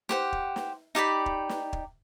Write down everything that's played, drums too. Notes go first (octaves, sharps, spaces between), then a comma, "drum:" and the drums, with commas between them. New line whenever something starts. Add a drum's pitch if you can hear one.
G4 C5 F#5, drum: snare
drum: kick
drum: snare
D#4 G4 D5 B5
drum: kick
drum: snare
drum: kick